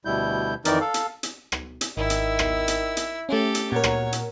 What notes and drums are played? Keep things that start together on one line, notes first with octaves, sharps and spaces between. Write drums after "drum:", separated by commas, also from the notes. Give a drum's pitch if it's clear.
D2 B2 G3 E4 G6
F2 D#3 E3 D#4 A#4 D5, drum: hi-hat
A4 F5
drum: hi-hat
drum: hi-hat
drum: rim click
drum: hi-hat
G#1 D#3 E4 E6
drum: hi-hat
drum: rim click
drum: hi-hat
drum: hi-hat
A3 C#4 G4 A4
drum: hi-hat
A#2 F#3 A#4 C#5
drum: rim click
drum: hi-hat